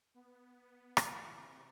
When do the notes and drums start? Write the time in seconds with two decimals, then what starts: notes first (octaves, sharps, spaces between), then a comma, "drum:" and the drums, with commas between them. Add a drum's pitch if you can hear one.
0.14 B3
0.55 B3
0.97 E3, drum: rim click
1.37 C3